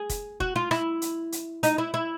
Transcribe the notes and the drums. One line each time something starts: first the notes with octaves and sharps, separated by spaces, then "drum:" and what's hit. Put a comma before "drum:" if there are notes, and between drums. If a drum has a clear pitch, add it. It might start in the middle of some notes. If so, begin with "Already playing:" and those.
Already playing: G#4
drum: kick F1, hi-hat
F#4, drum: kick F1
F4
E4, drum: rim click
drum: hi-hat
drum: hi-hat
D#4, drum: hi-hat
E4
E4